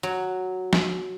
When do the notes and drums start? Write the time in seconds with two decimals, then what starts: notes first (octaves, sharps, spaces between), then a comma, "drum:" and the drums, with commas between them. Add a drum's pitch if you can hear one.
0.03 F#3
0.73 drum: snare